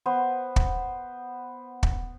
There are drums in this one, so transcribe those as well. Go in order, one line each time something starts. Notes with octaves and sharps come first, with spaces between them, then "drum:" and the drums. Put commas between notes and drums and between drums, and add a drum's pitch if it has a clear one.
B3 C5
drum: kick
drum: kick